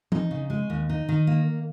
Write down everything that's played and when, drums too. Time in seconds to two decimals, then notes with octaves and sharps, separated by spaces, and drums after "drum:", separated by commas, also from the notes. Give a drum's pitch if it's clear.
0.12 D#4, drum: tom E3
0.31 C#3
0.50 G#3
0.70 D#2
0.89 D#4
1.09 D#3
1.27 A#3